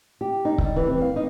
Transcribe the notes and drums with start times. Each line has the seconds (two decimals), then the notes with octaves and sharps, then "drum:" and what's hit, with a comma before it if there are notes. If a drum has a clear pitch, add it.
0.21 G4
0.45 D#4
0.58 G3, drum: kick C#1
0.76 E3
0.88 C4
1.01 F5
1.16 D#4